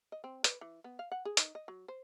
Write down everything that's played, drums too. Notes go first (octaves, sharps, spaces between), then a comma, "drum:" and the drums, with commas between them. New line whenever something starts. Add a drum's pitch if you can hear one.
D#5
C4
B4, drum: hi-hat
E3
B3
F5
F#5
G#4
D#4, drum: hi-hat
D#5
F#3
C5